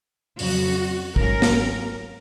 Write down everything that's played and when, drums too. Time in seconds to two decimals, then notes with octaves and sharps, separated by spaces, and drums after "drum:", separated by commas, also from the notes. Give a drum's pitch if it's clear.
0.39 F2 C#3 F#3 F#4, drum: open hi-hat
1.16 G#2 F#3 C#4 A#4, drum: kick
1.42 drum: snare